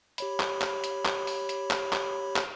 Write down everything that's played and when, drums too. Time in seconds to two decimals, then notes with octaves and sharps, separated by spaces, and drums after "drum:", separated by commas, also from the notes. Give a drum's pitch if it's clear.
0.18 G4 C#5 B5, drum: hi-hat
0.40 drum: clap
0.62 drum: clap
0.84 drum: hi-hat
1.05 drum: clap
1.27 drum: open hi-hat
1.49 drum: hi-hat
1.71 drum: clap
1.93 drum: clap
2.36 drum: clap